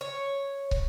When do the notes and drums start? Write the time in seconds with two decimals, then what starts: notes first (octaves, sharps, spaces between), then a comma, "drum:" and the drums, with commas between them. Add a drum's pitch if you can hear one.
0.01 C#5
0.71 drum: kick